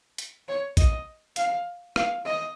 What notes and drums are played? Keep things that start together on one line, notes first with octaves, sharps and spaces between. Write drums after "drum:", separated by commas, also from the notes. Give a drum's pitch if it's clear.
drum: hi-hat
C#5
D#5, drum: kick A#1, hi-hat
F5, drum: hi-hat
F5, drum: rim click
D#5